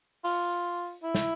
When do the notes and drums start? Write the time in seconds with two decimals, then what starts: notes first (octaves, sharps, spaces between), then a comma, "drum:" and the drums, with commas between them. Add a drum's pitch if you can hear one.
0.24 F4, drum: open hi-hat
1.03 E4
1.15 drum: snare